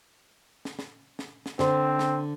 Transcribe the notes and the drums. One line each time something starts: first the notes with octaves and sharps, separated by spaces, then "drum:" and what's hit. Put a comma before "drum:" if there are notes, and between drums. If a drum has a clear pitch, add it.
drum: snare
drum: snare
drum: snare
drum: snare
D3 C4 C5, drum: snare
drum: snare